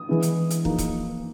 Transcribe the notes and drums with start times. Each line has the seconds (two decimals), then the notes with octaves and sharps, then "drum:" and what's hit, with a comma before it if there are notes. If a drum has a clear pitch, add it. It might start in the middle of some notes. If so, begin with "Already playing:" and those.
Already playing: D#6
0.09 E3 G#3 B3 E4
0.22 drum: hi-hat
0.50 drum: hi-hat
0.65 F3 A#3 D#4, drum: kick
0.78 drum: kick, hi-hat